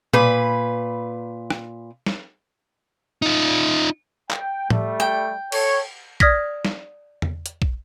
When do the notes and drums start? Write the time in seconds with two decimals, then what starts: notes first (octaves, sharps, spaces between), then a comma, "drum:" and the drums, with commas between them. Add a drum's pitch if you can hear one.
0.13 A#2 B4, drum: tom B2
1.50 drum: rim click
2.06 drum: snare
3.22 D#4 F4
4.31 G5, drum: clap
4.70 G3 A3, drum: tom A2
5.00 G5
5.52 A4 C#5, drum: cymbal
6.20 D5 D#6 F6 G#6 A#6 B6, drum: kick A#1
6.65 drum: snare
7.22 drum: tom E2
7.46 drum: hi-hat
7.62 drum: kick A#1